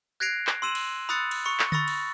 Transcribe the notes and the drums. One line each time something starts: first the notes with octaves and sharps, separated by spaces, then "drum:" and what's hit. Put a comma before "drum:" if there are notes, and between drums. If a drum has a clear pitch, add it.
F#6 G#6 A#6 C7 D7 F7
drum: clap
C6 E6 D#7 E7 F#7
drum: cymbal
B5 D#6 E6 F#6 A6 C#7
drum: cymbal
B5 C#6 C#7
drum: clap
B5 C#6 E6 A6 A#6, drum: tom D3
drum: cymbal